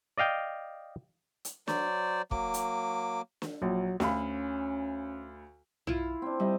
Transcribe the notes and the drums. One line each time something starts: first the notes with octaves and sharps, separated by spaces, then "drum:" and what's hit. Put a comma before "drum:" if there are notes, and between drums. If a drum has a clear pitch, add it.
D5 D#5 F5 G5
drum: hi-hat
F#3 C5 D5, drum: snare
F#3 A#3 D6, drum: kick
drum: hi-hat
drum: snare
A#1 F#3
D2 C#4 F5 B5, drum: snare
E4 F4, drum: tom
C4 D4
C3 G3 D#5 E5